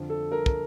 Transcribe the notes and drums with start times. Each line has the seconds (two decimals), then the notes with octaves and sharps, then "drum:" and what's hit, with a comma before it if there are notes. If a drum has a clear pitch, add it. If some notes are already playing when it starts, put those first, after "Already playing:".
Already playing: F2 D3 F3
0.10 A4
0.32 A#4
0.46 drum: kick